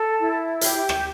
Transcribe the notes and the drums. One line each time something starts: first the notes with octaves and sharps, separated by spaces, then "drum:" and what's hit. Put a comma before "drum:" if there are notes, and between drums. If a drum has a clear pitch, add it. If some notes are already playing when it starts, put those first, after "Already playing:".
Already playing: A4
E4
G4, drum: hi-hat
drum: rim click